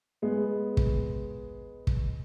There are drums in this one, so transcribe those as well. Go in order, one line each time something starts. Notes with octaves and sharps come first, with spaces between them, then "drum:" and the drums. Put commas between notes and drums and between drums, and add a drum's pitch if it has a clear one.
G#3 B3
drum: kick
drum: kick